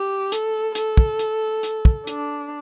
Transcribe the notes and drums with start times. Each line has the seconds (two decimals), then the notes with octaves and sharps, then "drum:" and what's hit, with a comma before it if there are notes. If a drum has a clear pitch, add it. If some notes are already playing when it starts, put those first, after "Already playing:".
Already playing: G4
0.32 A4, drum: hi-hat
0.75 A4, drum: hi-hat
0.97 drum: kick
1.19 drum: hi-hat
1.63 drum: hi-hat
1.85 drum: kick
2.07 D4, drum: hi-hat